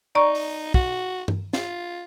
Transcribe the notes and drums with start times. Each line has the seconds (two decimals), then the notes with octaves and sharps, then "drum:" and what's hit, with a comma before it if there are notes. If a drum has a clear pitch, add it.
0.15 D#4 D5 A#5 C#6
0.35 drum: open hi-hat
0.74 F#4, drum: kick
1.28 drum: tom G2
1.53 F4, drum: snare